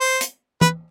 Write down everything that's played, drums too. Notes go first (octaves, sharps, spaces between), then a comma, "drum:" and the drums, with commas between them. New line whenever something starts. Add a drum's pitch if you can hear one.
C5
drum: hi-hat
B4, drum: tom